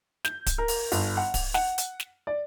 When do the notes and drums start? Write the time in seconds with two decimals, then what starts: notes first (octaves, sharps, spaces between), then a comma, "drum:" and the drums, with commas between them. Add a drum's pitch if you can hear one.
0.25 G6, drum: snare
0.46 drum: kick D1, hi-hat
0.58 A#4
0.68 drum: open hi-hat
0.92 G1, drum: open hi-hat
1.17 F#5
1.34 drum: kick D1, open hi-hat
1.54 F#5, drum: snare
1.78 drum: hi-hat
2.00 drum: snare
2.27 D5